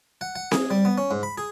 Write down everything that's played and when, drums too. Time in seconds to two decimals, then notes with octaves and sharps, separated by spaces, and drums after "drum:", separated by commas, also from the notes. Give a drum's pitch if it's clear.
0.21 F#5
0.35 F#5
0.52 G#4, drum: snare C4
0.70 G3
0.85 B3
0.98 C#4
1.11 G#2
1.23 B5
1.38 G#4